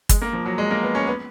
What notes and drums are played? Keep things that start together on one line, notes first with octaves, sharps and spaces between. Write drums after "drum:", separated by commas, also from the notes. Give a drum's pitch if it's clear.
G#3, drum: kick, hi-hat
A#3
F3
F#3
G#3
A#3
B3
C#4
B3